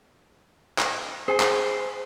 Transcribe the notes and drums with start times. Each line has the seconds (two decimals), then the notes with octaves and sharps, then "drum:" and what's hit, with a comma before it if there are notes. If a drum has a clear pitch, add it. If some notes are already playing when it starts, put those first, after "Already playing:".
0.78 drum: clap
1.28 G#4 C5 G#5
1.40 drum: clap